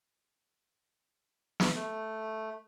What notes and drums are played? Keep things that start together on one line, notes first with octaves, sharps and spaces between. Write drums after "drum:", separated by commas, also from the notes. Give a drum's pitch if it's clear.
drum: snare
A3